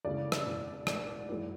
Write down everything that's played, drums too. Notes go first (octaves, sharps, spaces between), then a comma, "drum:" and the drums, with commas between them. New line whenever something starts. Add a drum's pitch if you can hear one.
D2 C#3 E3 G#3 D5
drum: rim click
E2 B2 G#3
A1 G#2 G#3 D5, drum: rim click
G#1 F#2 E3 G#3